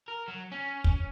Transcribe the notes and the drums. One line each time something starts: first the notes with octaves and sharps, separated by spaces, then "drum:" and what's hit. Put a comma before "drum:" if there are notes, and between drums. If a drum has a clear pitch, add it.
A#4
F#3
C#4
drum: kick